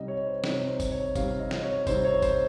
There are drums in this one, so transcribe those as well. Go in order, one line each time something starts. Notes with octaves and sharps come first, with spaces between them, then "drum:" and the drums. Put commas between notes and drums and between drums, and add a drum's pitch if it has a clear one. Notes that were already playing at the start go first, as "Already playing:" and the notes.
Already playing: C3 G3 C4 D#4 D#5
C#5
C5
C3 G3 C4 D#4 C#5, drum: snare
C5
drum: kick G1, tambourine
C#5
C3 G3 C4 D#4 F5, drum: kick G1, tambourine
D#5
drum: snare
C#5
C3 G3 C4 D#4 C5, drum: kick G1, tambourine
C#5
C5, drum: kick G1, tambourine